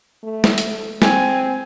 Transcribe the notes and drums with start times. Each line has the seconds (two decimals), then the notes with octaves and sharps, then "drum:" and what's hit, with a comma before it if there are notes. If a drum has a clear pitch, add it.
0.24 A3
0.44 drum: snare
0.58 drum: hi-hat
1.02 C4 G#5, drum: snare